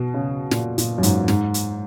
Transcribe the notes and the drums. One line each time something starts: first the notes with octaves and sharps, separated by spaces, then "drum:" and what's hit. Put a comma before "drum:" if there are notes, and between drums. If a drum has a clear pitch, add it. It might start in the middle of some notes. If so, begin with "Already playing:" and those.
Already playing: B2
C#3
A#2, drum: snare
A#2, drum: hi-hat
F#2
G#2, drum: hi-hat
G#2, drum: snare
drum: hi-hat